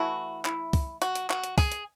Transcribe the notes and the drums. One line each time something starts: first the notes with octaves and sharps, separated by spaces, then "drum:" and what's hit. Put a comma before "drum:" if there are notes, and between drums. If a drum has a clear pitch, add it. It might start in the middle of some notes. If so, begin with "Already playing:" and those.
Already playing: E3 A3 E4 F#4
E4, drum: clap
drum: kick, open hi-hat
F#4, drum: hi-hat
drum: hi-hat
F#4, drum: clap
drum: hi-hat
G#4, drum: kick, open hi-hat
drum: hi-hat